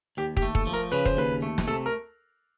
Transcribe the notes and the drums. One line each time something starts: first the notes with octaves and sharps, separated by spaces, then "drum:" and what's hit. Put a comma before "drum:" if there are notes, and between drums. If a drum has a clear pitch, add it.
D#2 G4
G4, drum: kick
A3
A4, drum: kick
F3
A#4
C#3 B4
C5, drum: kick
D#2 B4
A3
drum: snare
C3 A4
A#4